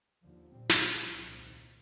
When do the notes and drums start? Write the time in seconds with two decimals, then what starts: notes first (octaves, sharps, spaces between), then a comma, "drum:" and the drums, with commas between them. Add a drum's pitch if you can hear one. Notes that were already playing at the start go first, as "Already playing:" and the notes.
0.22 D#2 D3 F3
0.52 A#2 G3 C4
0.69 drum: snare
0.80 A2 G3 C4
1.10 C2 A#2 F3 C4
1.38 D#2 D#3 A#3